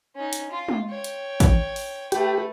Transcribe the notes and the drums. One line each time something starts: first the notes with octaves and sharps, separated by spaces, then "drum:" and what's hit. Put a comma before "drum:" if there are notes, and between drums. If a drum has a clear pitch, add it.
C#4 D#4
drum: hi-hat
F4
drum: tom G#3
C#5 G5
drum: hi-hat
drum: kick, hi-hat
drum: open hi-hat
A3 G4 B4, drum: hi-hat